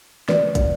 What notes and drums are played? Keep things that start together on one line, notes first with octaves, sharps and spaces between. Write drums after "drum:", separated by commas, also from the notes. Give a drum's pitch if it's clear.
B4 D5, drum: snare
drum: kick, hi-hat